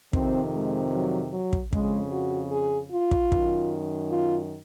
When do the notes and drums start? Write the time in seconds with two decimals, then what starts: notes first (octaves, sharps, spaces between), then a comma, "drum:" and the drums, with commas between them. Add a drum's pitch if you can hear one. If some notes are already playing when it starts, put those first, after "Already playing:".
0.13 F2 C3 D#3 C4, drum: kick
0.54 G#3
0.93 F#3
1.33 F#3
1.53 drum: kick
1.73 F2 C#3 G#3, drum: kick
2.12 F#4
2.52 G#4
2.91 F4
3.11 drum: kick
3.32 F#2 D#3, drum: kick
4.10 F4